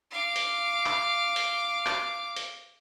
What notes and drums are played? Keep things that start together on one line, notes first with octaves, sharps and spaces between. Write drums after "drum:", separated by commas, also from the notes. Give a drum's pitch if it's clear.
F5 D6
drum: hi-hat
drum: clap
drum: hi-hat
drum: clap
drum: hi-hat